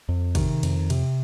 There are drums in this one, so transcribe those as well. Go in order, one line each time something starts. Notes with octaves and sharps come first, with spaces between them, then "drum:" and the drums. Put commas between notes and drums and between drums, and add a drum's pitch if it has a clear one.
F2
C3 D#3, drum: kick, cymbal
F2, drum: cymbal
C3, drum: cymbal